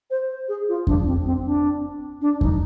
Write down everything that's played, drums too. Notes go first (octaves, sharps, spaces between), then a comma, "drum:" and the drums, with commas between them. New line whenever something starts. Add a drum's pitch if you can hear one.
C5
G#4
F4
D4, drum: kick F2
C4
C4
D4
D4
D#4, drum: kick F2